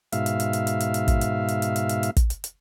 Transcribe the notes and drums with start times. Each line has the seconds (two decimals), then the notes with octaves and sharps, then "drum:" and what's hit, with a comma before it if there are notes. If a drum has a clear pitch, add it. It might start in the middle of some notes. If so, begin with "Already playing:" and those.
0.12 G#2 B2 E5 F5, drum: hi-hat
0.26 drum: hi-hat
0.40 drum: hi-hat
0.53 drum: hi-hat
0.67 drum: hi-hat
0.80 drum: hi-hat
0.94 drum: hi-hat
1.08 drum: kick, hi-hat
1.21 drum: hi-hat
1.48 drum: hi-hat
1.62 drum: hi-hat
1.76 drum: hi-hat
1.89 drum: hi-hat
2.03 drum: hi-hat
2.17 drum: kick, hi-hat
2.30 drum: hi-hat
2.44 drum: hi-hat